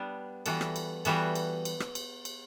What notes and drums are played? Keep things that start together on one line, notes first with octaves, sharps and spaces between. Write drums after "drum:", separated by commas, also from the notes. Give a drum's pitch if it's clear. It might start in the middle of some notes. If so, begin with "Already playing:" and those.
Already playing: G3 B3 D4
E3 G3 B3 F#4 A4, drum: cymbal
drum: rim click
drum: cymbal
E3 G3 B3 F#4 A4, drum: cymbal
drum: cymbal
drum: cymbal
drum: rim click
drum: cymbal
drum: cymbal